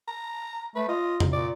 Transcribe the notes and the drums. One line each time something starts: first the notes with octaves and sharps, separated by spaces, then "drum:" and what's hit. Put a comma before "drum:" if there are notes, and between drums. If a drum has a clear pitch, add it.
A#5
A3 B4
F4 D#5
drum: tom F2
A#2 D5